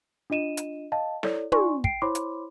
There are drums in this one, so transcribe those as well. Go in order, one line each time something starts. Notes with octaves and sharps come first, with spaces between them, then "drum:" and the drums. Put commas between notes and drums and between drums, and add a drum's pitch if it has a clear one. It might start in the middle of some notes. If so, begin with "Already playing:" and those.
D4 F4 D#5 D#7 E7
drum: hi-hat
D#5 F5 A5
E4 A4 C#5 D5, drum: snare
D#4 F4 D5 G#5 C6 C#6, drum: tom
G5 C7 D7, drum: kick
E4 C5 C#5 B5 C6 D6
drum: hi-hat